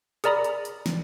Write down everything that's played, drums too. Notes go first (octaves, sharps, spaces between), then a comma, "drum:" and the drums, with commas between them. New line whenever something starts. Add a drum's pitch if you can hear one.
G#4 A#4 D5 A#5 B5 D#6, drum: hi-hat
drum: hi-hat
drum: hi-hat
drum: snare